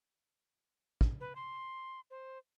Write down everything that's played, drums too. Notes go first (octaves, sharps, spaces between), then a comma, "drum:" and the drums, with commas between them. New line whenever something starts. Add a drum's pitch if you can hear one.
drum: kick
B4
C6
C5